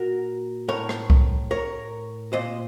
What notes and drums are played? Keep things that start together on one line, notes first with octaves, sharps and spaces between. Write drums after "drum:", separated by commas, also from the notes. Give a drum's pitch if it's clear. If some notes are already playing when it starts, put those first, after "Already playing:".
Already playing: A#2 F#4 A#4
A2 A#4 C#5
drum: rim click
drum: kick C2
A#4 C#5
A#2 C5 D#5